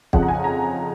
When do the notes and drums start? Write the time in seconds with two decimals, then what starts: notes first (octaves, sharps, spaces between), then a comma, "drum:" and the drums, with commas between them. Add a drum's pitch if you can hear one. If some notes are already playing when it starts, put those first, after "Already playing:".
0.13 F2 C#3 F3 F#5, drum: kick
0.22 A#5
0.28 G#5
0.44 A#5